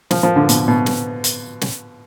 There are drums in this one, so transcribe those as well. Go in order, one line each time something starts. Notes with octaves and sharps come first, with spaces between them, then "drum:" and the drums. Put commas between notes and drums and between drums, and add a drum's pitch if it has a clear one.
F3, drum: snare
F3
D3
B2, drum: hi-hat
B2
drum: snare
drum: hi-hat
drum: snare